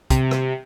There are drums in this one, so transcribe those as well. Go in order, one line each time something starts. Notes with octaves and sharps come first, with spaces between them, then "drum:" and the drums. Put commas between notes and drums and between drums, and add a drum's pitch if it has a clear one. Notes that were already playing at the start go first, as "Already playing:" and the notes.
C3, drum: kick, hi-hat
drum: rim click